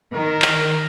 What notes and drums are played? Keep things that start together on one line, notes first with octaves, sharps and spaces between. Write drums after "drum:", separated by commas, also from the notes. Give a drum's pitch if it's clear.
D#3 A#4
drum: clap